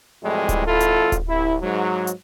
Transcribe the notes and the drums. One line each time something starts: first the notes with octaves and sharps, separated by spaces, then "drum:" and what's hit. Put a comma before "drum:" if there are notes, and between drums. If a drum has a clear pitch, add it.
F2 A2 E3 G3 G#3
drum: kick D1, hi-hat
G#1 E4 F4 A4
drum: hi-hat
drum: kick D1, hi-hat
C2 E4
G#2 F#3
drum: hi-hat